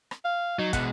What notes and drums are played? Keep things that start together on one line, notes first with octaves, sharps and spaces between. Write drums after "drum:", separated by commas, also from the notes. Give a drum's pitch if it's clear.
drum: rim click
F5
F#3 D#4
B2 G#3 F#5, drum: kick, hi-hat